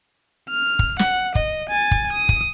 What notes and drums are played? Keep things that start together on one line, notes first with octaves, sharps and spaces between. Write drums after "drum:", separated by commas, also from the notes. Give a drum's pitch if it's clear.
F6
drum: kick
F#5, drum: snare
D#5, drum: kick
G#5 A6
drum: kick
D#6
drum: kick